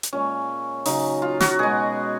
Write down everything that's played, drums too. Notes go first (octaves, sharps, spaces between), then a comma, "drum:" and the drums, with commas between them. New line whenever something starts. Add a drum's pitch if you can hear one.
drum: hi-hat
A#2 G#3 C#4
C#3 F#3 D#4, drum: open hi-hat
F4
F#4, drum: snare
B2 G#3 G#4